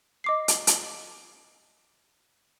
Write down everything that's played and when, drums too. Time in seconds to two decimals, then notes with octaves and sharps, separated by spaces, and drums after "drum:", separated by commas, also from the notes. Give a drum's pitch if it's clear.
0.24 D#5 D6 C7
0.48 drum: hi-hat
0.67 drum: hi-hat